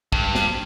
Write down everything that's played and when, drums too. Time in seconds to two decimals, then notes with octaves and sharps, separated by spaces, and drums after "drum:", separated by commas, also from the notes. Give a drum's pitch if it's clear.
0.12 G2, drum: kick
0.35 drum: snare